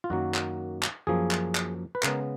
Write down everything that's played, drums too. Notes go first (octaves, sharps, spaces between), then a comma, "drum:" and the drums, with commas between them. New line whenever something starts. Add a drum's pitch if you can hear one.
F4
F#2 D#3 F#3 A#3 F#4
drum: clap
drum: clap
F#2 F3 A#3 G#4
drum: clap
drum: clap
B4
C#3 G#3 B3 A#4, drum: clap